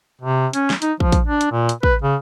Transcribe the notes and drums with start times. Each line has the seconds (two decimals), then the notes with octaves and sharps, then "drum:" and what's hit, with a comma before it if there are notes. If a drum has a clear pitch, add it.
0.21 C3
0.53 C#4, drum: hi-hat
0.70 drum: snare
0.82 D#4, drum: hi-hat
1.00 F3, drum: kick
1.12 drum: kick, hi-hat
1.28 D4
1.41 drum: hi-hat
1.52 A#2
1.69 drum: hi-hat
1.83 B4, drum: kick
2.02 C#3